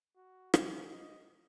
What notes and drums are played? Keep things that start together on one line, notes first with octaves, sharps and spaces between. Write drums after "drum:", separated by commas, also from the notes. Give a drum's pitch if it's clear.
F#4
G#4, drum: rim click
D#5